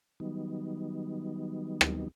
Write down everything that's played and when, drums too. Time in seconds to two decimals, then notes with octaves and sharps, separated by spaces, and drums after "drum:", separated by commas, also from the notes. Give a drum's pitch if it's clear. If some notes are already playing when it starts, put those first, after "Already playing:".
0.20 D#3 F#3 G3 B3 D#4
1.81 drum: rim click